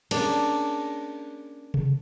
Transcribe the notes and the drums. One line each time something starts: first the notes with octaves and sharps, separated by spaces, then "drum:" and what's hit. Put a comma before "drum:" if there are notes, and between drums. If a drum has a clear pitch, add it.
A#3 C#4 D4 G#4, drum: cymbal
drum: tom C3